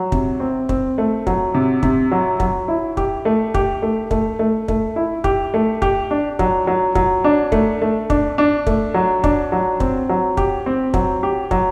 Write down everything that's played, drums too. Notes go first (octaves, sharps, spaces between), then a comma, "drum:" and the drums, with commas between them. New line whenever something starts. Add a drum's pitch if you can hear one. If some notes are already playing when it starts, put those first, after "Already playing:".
Already playing: F#3
C3, drum: kick
C4
C4, drum: kick
A3
F#3, drum: kick
C3
C3, drum: kick
F#3
F#3, drum: kick
E4
G4, drum: kick
A3
G4, drum: kick
A3
A3, drum: kick
A3
A3, drum: kick
E4
G4, drum: kick
A3
G4, drum: kick
D4
F#3, drum: kick
F#3
F#3, drum: kick
D4
A3, drum: kick
A3
D4, drum: kick
D4
A3, drum: kick
F#3
D4, drum: kick
F#3
C4, drum: kick
F#3
G4, drum: kick
C4
F#3, drum: kick
G4
F#3, drum: kick